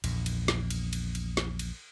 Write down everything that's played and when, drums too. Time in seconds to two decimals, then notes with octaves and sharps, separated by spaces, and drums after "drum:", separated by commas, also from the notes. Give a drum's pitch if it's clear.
0.04 A#1 E2 A#2, drum: cymbal
0.26 drum: cymbal
0.48 drum: snare
0.71 drum: cymbal
0.93 drum: cymbal
1.15 drum: cymbal
1.37 drum: snare
1.59 drum: cymbal